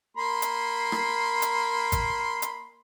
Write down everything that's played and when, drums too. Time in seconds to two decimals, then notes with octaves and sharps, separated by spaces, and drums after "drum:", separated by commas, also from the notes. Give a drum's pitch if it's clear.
0.17 A#3 B5 C6
0.42 drum: hi-hat
0.92 drum: rim click
1.42 drum: hi-hat
1.92 drum: kick G#1, hi-hat
2.42 drum: hi-hat